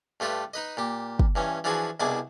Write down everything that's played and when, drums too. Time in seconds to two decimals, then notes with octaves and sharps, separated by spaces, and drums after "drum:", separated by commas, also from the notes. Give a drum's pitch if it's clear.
0.20 G2 A3 F4 G4 B4
0.54 D#4 B4 D#5
0.77 A#2 G4
1.19 drum: kick
1.36 G2 E3 C#4
1.64 E3 F3 D4 E4 F#4 G#4
2.00 C2 B2 D4 E4 G#4 D6